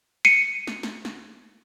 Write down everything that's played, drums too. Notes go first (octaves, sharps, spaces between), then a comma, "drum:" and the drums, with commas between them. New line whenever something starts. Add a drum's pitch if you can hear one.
C7 C#7 D#7
drum: snare
drum: snare
drum: snare